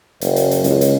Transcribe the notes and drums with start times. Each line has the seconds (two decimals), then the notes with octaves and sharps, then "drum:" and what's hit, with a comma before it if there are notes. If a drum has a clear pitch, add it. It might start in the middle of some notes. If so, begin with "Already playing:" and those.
0.21 F#1, drum: hi-hat
0.36 drum: hi-hat
0.51 drum: hi-hat
0.64 C#2, drum: hi-hat
0.81 drum: hi-hat